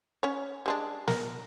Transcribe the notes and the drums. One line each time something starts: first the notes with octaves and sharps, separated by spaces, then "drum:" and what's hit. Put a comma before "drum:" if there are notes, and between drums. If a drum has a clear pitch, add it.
C#4 C#5
G3 G#3 D4
A#4, drum: snare